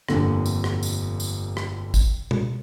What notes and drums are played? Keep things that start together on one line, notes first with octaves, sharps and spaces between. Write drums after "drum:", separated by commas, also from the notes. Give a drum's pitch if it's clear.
G1 F2 A#2 D3, drum: rim click
drum: tambourine
drum: rim click
drum: tambourine
drum: tambourine
drum: rim click
drum: kick, tambourine
drum: tom B2